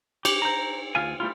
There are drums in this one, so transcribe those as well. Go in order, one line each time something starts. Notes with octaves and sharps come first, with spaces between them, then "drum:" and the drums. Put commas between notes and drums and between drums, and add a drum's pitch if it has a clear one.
G4, drum: cymbal
C5 A#5
D2 F4 F5 G#5
G3 A3 E4 F4